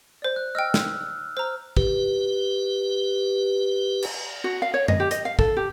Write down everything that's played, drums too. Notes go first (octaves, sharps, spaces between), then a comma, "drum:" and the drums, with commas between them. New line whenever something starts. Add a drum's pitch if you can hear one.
C5 D5
F#6
D#5 G5 E6 F6
drum: snare
C5 A#5 F6
G4 B4, drum: kick
drum: cymbal
F#4
F5
C#5
D#5, drum: tom F#2
G4
D#5, drum: hi-hat
F5
A4, drum: kick
G4